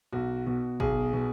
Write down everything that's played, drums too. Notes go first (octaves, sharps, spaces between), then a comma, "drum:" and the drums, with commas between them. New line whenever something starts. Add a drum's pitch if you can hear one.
B1 F#4
B2 F#4
B1 G#4, drum: kick
B2